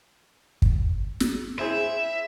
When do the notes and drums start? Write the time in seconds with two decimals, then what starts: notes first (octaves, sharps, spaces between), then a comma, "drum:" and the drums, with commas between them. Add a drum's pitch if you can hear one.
0.62 drum: kick
1.20 drum: snare
1.59 E4 G#4 C5 E5